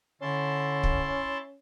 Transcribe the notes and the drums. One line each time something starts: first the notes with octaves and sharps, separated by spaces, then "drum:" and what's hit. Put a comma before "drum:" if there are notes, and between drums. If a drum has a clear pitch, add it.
D3 C#4 E4 A5 C6
drum: kick